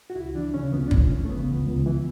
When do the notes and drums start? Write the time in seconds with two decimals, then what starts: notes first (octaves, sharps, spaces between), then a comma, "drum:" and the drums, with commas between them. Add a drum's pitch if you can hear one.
0.10 F#4
0.15 C#2 E4
0.35 E3 D4
0.54 C#3 C#4
0.72 C#2 B3
0.88 D4
0.91 C#2 C#4, drum: kick
1.11 E3
1.25 A3
1.29 C#3 B3
1.48 C#2
1.67 C#2
1.86 E3